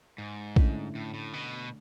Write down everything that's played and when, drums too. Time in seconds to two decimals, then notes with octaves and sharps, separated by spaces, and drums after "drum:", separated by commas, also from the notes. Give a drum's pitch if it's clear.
0.18 G#2
0.56 D3 A3 C#4 E4, drum: kick A#1
0.95 A2
1.14 A2
1.33 B2